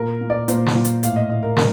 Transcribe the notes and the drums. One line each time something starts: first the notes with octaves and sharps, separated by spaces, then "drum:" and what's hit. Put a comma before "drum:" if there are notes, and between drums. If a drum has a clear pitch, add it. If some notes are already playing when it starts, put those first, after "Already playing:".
Already playing: A#2 A#4
A#2
D5
A#2 C5, drum: hi-hat
drum: snare
A#2
drum: hi-hat
A2 F5, drum: hi-hat
D#5
A2 D#5
A#4
A2 A#4, drum: snare